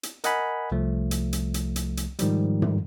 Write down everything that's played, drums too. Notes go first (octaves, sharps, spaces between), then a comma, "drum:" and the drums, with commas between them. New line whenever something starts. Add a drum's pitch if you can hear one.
drum: hi-hat
A#4 D#5 F#5 G#5 B5, drum: hi-hat
C2 F3 A3
drum: hi-hat
drum: hi-hat
drum: hi-hat
drum: hi-hat
drum: hi-hat
G#2 D#3 F3 G3, drum: hi-hat
drum: tom